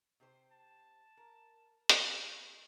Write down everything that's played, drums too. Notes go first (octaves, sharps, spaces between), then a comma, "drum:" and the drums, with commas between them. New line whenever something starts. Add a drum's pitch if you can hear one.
C3 G4 C5
A5
A#4
drum: hi-hat
E4 C#5